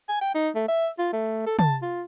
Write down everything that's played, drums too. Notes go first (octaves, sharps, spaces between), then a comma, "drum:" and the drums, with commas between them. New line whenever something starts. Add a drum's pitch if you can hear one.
G#5
G5
D#4
A3
E5
F4
A3
A4
A5, drum: tom
F4